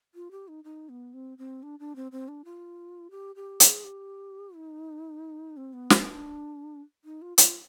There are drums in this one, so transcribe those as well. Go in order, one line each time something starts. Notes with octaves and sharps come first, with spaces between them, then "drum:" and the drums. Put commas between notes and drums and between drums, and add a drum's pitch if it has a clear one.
F4
G4
D#4
D#4
B3
C4
C4
D4
D4
C4
C4
D4
F4
G4
G4
G#4, drum: hi-hat
G4
D#4
C4
B3
C4, drum: snare
D4
D#4
F4
F4, drum: hi-hat